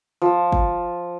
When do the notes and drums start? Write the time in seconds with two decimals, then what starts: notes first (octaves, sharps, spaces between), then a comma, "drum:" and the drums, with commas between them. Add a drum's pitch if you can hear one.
0.22 F3 E6
0.52 drum: kick G1